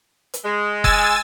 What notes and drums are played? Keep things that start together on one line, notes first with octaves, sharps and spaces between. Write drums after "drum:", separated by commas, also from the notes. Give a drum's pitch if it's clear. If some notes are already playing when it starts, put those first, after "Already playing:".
drum: hi-hat
G#3
G#5 E6 A6, drum: kick F1